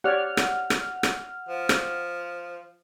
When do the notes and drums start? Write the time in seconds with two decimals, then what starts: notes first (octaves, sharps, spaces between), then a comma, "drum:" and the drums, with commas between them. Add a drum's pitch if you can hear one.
0.04 G4 C#5 D5 F#5 F6
0.37 drum: rim click
0.70 drum: rim click
1.03 drum: rim click
1.49 F3
1.69 drum: rim click